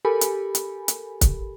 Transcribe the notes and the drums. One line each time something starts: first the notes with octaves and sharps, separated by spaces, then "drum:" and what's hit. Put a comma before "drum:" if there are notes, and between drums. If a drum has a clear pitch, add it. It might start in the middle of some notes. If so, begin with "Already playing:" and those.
G4 A4 A#4 G#5 B5
drum: hi-hat
drum: hi-hat
drum: hi-hat
drum: kick, hi-hat